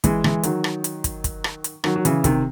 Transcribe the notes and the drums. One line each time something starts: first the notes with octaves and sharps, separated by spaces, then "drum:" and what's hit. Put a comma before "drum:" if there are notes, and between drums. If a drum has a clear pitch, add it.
E3 G#3, drum: kick, hi-hat
E3 G#3, drum: rim click
D#3 F#3, drum: hi-hat
drum: rim click
drum: hi-hat
drum: kick, hi-hat
drum: kick, hi-hat
drum: rim click
drum: hi-hat
D#3 F#3, drum: rim click
F#3
C#3 E3, drum: hi-hat
C3 D#3, drum: kick, hi-hat